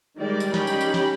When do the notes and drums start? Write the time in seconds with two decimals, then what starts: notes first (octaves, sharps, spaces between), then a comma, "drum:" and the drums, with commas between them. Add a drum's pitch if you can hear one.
0.19 D#3 G3 G#3 D5
0.40 drum: tambourine
0.54 C#4 D#4 G4 B5, drum: snare
0.67 drum: tambourine
0.81 drum: tambourine
0.94 drum: snare